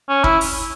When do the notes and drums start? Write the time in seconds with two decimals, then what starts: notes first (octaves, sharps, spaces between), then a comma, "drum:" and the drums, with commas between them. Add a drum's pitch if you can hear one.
0.09 C#4
0.24 E4, drum: kick
0.41 drum: open hi-hat